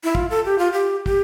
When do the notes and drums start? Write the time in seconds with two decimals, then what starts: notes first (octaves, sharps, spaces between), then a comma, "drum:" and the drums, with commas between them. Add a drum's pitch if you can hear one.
0.04 E4
0.15 F4, drum: kick
0.30 A4
0.45 G4
0.59 F4
0.72 G4
1.06 G4, drum: kick